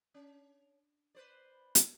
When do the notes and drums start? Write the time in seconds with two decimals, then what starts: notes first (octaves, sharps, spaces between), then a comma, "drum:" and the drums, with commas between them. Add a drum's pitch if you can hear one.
0.14 C#4
1.15 B4 C5 D5
1.75 drum: hi-hat